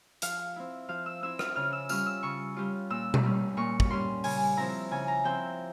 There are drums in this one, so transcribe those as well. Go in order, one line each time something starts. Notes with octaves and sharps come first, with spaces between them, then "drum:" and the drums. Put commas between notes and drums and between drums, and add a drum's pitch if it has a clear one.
F3 F5, drum: hi-hat
C4 E4
F3 F5
E6
C4 E4 E6
F6, drum: rim click
C#3 F6
E6
G3 C#4 F4 F6, drum: tambourine
E6
C#3 C#6
G3 C#4 F4
A#2 E6
drum: tom B2
G3 C#4
A#2 C#6
drum: kick
G3 C#4 C6
C#3 G#5, drum: open hi-hat
F3 C4 E4 A#5
C#3 G#5
A#5
F3 C4 E4 G5